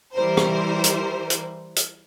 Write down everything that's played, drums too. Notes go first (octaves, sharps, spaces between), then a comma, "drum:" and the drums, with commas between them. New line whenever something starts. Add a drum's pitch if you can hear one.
E3 G3 A#4 C5
drum: rim click
drum: hi-hat
drum: hi-hat
drum: hi-hat